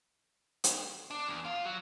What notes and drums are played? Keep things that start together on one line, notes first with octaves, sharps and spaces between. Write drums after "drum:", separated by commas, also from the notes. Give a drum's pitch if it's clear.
drum: hi-hat
D4
E2
F4
F#3